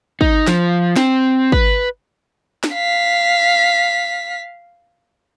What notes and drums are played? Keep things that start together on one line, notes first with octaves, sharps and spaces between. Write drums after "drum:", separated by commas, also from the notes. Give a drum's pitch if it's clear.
D#4, drum: kick
F3, drum: snare
C4, drum: snare
B4, drum: kick
drum: snare
F5 B6